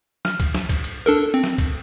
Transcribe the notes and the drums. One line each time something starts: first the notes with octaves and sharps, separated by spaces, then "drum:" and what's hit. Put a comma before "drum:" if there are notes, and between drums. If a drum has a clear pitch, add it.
F6, drum: snare
drum: kick C2, cymbal
drum: snare
drum: kick C2, cymbal
drum: cymbal
D4 A4 A#4
C4
drum: snare
drum: kick C2, cymbal